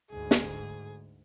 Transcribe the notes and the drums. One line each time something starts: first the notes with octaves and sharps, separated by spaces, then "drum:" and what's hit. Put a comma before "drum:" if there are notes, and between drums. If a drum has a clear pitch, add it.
D2 G#2 G#4
drum: snare